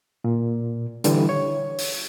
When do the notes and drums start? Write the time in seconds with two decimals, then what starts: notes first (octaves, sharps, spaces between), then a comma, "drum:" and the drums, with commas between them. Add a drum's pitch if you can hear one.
0.24 A#2
1.04 D3 E3 G3, drum: hi-hat
1.29 C#5
1.79 drum: open hi-hat